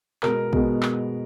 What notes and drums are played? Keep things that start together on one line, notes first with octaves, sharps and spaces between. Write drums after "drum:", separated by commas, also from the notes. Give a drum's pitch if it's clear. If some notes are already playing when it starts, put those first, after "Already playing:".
B2 G#3 B3 A#4, drum: clap
B2 G#3 B3, drum: kick
drum: clap